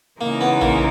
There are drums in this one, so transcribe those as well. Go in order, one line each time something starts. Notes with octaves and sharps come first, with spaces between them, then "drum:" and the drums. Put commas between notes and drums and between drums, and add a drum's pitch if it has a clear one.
C#3 E3 G#3 A#3 D#4
B3
A#3, drum: tom A#1